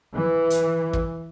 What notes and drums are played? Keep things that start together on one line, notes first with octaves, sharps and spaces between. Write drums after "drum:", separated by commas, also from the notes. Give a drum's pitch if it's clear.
E3
drum: hi-hat
drum: kick